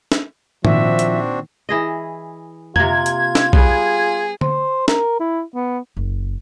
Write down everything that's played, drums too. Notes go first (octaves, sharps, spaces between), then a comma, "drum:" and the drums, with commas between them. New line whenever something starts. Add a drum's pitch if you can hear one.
drum: snare
A#2 D#3 F3 C4 D4 F#4 E5, drum: tom
drum: hi-hat
E3 G#4 D#5
C3 A#3 F4 G#6, drum: tom F2
drum: hi-hat
drum: snare
G3 B3 G#4, drum: kick
C5, drum: tom D3
A#4, drum: snare
E4
B3
F#1